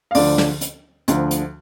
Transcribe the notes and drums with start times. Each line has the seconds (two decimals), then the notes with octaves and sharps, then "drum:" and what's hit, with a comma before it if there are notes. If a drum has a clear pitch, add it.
0.11 F5
0.15 D2 D3 F3 D5, drum: open hi-hat
0.38 drum: snare
0.61 drum: hi-hat
1.08 D2 D3 F3, drum: hi-hat
1.31 drum: hi-hat